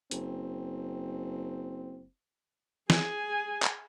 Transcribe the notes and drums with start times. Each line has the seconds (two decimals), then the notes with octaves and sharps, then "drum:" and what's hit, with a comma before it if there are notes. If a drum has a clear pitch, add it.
0.11 F#1 C4, drum: hi-hat
2.90 G#4 G#5, drum: snare
3.62 drum: clap